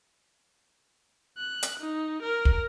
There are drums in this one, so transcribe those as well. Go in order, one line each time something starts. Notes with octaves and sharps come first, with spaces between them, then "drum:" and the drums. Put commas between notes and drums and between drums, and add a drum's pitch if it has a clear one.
F#6
drum: hi-hat
D#4
A#4
drum: kick